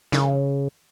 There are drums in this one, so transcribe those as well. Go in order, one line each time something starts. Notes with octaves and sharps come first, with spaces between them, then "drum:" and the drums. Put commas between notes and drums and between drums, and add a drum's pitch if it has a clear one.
C#3, drum: snare